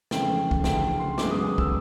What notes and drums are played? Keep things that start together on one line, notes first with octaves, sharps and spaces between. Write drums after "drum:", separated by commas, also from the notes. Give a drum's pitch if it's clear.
F2 C#3 E3 A3 C#4 G5, drum: snare
drum: kick
D2 C#3 E3 G5, drum: snare
C6
F#2 C#3 E3 G#3 B3 D6, drum: snare
D#6
D#6
E6, drum: kick